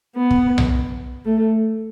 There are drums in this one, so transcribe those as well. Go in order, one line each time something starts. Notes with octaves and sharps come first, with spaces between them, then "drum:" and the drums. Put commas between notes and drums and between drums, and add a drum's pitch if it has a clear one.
B3
drum: kick
drum: tom B1
A3